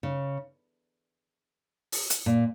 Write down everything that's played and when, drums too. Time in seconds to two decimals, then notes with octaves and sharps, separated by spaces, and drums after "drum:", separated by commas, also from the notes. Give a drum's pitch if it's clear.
0.03 C#3
1.92 drum: open hi-hat
2.10 drum: hi-hat
2.26 A#2